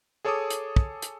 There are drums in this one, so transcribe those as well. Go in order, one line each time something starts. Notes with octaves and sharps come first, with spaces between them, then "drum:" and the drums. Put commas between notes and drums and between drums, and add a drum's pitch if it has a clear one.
G#4 A4 C#5 A5 D6 D#6
drum: hi-hat
drum: kick
drum: hi-hat